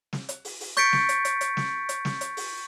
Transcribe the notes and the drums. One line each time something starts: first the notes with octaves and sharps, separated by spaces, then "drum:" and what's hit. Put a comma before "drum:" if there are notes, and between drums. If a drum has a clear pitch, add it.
drum: snare
drum: hi-hat
drum: open hi-hat
drum: open hi-hat
C#6 G6 A6 B6 C#7 D7, drum: hi-hat
drum: snare
drum: hi-hat
drum: hi-hat
drum: hi-hat
drum: snare
drum: hi-hat
drum: snare
drum: hi-hat
drum: open hi-hat